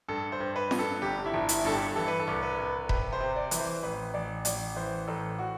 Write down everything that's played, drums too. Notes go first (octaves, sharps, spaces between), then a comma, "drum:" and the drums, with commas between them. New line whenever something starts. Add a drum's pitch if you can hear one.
G2 A4
C5
G2
B4
G2, drum: snare
A4
G1 G4
E4
G1
E4, drum: hi-hat
G2 A4
G4
E3 A4
B4
A4
C2
B4
C2
C3 B4, drum: kick E1
C5
C3
D5
E3, drum: hi-hat
C5
A1 B4
A1 D5
A1 D5, drum: hi-hat
E3 C5
A1 A4
F#4